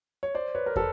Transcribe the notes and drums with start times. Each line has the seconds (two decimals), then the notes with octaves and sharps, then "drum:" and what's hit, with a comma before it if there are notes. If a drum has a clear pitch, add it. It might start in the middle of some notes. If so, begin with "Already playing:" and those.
0.23 C#5
0.35 C5 D5
0.55 B4 C#5
0.66 A#4
0.76 A4 B4, drum: kick